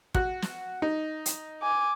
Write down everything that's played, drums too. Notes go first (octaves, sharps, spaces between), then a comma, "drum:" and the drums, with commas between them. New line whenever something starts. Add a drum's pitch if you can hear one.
F#4 F#6, drum: kick
drum: snare
D#4
drum: hi-hat
G#5 D6